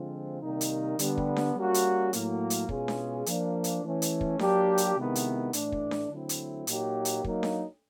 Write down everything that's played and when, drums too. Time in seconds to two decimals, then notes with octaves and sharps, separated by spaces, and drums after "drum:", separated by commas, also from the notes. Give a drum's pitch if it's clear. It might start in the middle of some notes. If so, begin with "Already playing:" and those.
Already playing: D3 F3 G#3 C4 F4
0.41 C3 D#3 G3 A#3 D#4
0.61 drum: hi-hat
0.99 D3 G3 B3, drum: hi-hat
1.18 drum: kick
1.36 drum: snare D4
1.56 G3 A#3 C#4 F#4
1.74 drum: hi-hat
2.13 A2 F#3 A#3, drum: hi-hat
2.50 drum: hi-hat
2.69 B2 G#3 C#4 F4 G#4, drum: kick
2.88 drum: snare D4
3.26 F3 A#3 D4, drum: hi-hat
3.64 drum: hi-hat
3.83 E3 A3 C#4
4.02 drum: hi-hat
4.21 drum: kick
4.39 F#3 A#3 D4 G4, drum: snare D4
4.78 drum: hi-hat
4.96 C3 D#3 G#3 B3 E4
5.15 drum: hi-hat
5.53 A2 E3 A3 D4, drum: hi-hat
5.72 drum: kick
5.91 drum: snare D4
6.10 D3 F#3 A3 C4 E4
6.29 drum: hi-hat
6.67 A#2 F#3 A#3 D#4 G4, drum: hi-hat
7.05 drum: hi-hat
7.24 F#3 A#3 D#4, drum: kick
7.43 drum: snare D4